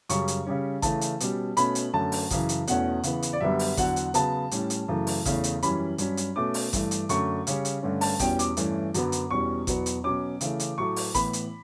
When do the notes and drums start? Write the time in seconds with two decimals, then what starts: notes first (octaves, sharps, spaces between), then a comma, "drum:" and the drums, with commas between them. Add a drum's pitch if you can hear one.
0.09 F#2 C#3 G3 C#4 C#6, drum: hi-hat
0.28 drum: hi-hat
0.47 C#3 G3 C#4
0.82 C#3 E3 A3 C#4 A5, drum: kick G#1, hi-hat
1.01 drum: hi-hat
1.20 B2 G3 C#4, drum: hi-hat
1.57 B2 A3 C#4 B5, drum: hi-hat
1.75 drum: hi-hat
1.93 F#2 D3 A3 C#4 A5
2.12 drum: open hi-hat
2.30 F#2 C#3 E3, drum: kick G#1, hi-hat
2.49 drum: hi-hat
2.67 E2 B2 A3 C#4 F#5, drum: hi-hat
3.03 C#3 E3 B3, drum: hi-hat
3.22 drum: hi-hat
3.33 D5
3.40 F#2 D3 G3 B3 E5
3.59 drum: open hi-hat
3.77 E2 D3 F#3 F#5, drum: kick G#1, hi-hat
3.96 drum: hi-hat
4.14 C#3 F#3 B3 A5, drum: hi-hat
4.51 A2 G3 C#4, drum: hi-hat
4.70 drum: hi-hat
4.88 F#2 C#3 E3 A3
5.07 drum: open hi-hat
5.26 E2 C#3 E3 A3 C#4, drum: kick G#1, hi-hat
5.44 drum: hi-hat
5.62 F#2 E3 G3 C#4 B5, drum: hi-hat
5.98 G2 F#3 C#4, drum: hi-hat
6.17 drum: hi-hat
6.36 B2 A3 C#4 D6
6.54 drum: open hi-hat
6.73 G2 E3 A3, drum: kick G#1, hi-hat
6.91 drum: hi-hat
7.09 F#2 D3 A3 C#4 C#6, drum: hi-hat
7.47 C#3 G3 C#4, drum: hi-hat
7.65 drum: hi-hat
7.83 G2 D3 A3 C#4
8.01 A5, drum: open hi-hat
8.19 E2 B2 G3 C#4 G5, drum: kick G#1, hi-hat
8.39 D6, drum: hi-hat
8.57 G2 E3 A3 C#4, drum: hi-hat
8.94 F#2 D3 F#3 B3, drum: hi-hat
9.12 drum: hi-hat
9.31 E2 B2 G3 C#4 C#6
9.67 E2 B2 F#3 B3, drum: kick G#1, hi-hat
9.86 drum: hi-hat
10.04 B2 F#3 C#4 D6
10.41 C#3 E3 A3 C#4, drum: hi-hat
10.60 drum: hi-hat
10.78 A2 F#3 A3 C#6
10.96 drum: open hi-hat
11.15 A2 E3 B3 B5, drum: kick G#1, hi-hat
11.33 drum: hi-hat